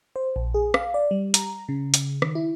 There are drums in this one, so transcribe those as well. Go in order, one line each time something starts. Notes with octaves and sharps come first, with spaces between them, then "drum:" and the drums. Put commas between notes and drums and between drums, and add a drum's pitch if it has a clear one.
C5
A#1
G#4
F5, drum: rim click
D5
G3
A#5, drum: hi-hat
C#3
drum: hi-hat
D#3, drum: rim click
E4